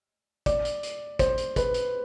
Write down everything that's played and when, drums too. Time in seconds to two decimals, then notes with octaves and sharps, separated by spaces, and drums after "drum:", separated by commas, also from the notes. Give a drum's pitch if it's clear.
0.46 D5, drum: kick, hi-hat
0.65 drum: hi-hat
0.83 drum: hi-hat
1.19 C5, drum: kick, hi-hat
1.38 drum: hi-hat
1.56 B4, drum: kick, hi-hat
1.74 drum: hi-hat